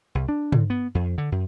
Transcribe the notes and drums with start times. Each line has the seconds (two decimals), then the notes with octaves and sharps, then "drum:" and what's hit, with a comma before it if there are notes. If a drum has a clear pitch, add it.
0.15 C2
0.29 D4
0.52 D3, drum: tom
0.70 B3
0.95 F2
1.18 D3
1.32 F#2